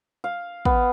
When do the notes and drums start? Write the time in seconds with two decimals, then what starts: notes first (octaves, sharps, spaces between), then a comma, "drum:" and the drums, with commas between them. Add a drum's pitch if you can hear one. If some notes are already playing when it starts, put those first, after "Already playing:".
0.24 F5
0.65 B3, drum: kick